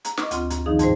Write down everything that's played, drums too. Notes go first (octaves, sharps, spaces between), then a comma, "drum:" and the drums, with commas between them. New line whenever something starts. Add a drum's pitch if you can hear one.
A#5, drum: hi-hat
D#5 C#6 D6, drum: snare
D2 C4 F4, drum: hi-hat
F#2, drum: hi-hat
D#3 F3 D#4 G#4
F2 G#2 G3 C5, drum: hi-hat